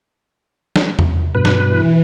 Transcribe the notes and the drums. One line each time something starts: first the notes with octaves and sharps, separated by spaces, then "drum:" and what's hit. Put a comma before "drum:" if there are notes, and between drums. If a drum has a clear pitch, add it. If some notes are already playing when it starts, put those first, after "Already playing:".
drum: snare
drum: tom E2
G2 B2 B4
drum: snare
E3